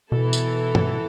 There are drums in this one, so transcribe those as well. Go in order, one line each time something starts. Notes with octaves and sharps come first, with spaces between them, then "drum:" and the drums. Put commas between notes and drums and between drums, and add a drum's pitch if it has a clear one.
B2 E3 B3 E4 A4
drum: tambourine
drum: tom